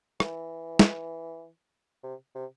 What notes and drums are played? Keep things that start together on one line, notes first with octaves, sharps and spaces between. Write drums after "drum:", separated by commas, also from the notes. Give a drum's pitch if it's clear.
E3, drum: rim click
drum: snare
C3
C3